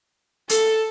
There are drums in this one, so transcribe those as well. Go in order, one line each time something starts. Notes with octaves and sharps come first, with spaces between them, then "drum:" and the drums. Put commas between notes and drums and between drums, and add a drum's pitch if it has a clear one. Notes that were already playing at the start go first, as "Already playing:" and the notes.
A4, drum: hi-hat